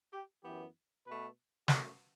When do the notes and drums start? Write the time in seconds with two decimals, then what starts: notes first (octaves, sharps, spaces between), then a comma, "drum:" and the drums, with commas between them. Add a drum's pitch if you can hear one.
0.13 G4
0.44 F#2 E3 B3 G4
1.07 B2 A3 B4
1.68 F#2 F#3 A3 G4, drum: snare